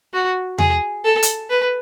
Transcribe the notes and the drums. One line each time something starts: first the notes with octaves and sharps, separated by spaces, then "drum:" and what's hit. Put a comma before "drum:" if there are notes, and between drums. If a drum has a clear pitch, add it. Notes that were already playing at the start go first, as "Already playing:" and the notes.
F#4
G#4, drum: tom E2
A4
drum: hi-hat
B4